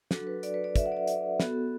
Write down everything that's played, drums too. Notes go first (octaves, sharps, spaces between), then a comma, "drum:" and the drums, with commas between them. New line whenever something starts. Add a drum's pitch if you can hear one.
F#3 D4 F#4 A4, drum: snare
B4
D5, drum: hi-hat
B4
D5
E5, drum: kick, hi-hat
F#5
D5
E5
drum: hi-hat
B3 F#4 A4, drum: snare